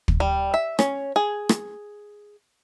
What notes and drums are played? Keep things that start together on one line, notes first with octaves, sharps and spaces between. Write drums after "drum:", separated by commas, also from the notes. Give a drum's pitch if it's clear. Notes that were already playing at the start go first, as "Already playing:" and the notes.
drum: kick
G3
E5
C#4, drum: rim click
G#4
drum: rim click